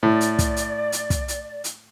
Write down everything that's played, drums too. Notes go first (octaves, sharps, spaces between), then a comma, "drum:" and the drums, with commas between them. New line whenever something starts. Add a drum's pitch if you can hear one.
A2 D5
drum: hi-hat
drum: kick, hi-hat
drum: hi-hat
drum: hi-hat
drum: kick, hi-hat
drum: hi-hat
drum: hi-hat